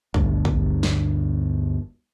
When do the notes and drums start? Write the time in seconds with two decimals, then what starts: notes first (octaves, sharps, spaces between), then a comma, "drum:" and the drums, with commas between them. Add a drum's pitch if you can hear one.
0.14 G1 D2, drum: kick
0.45 drum: kick
0.83 drum: snare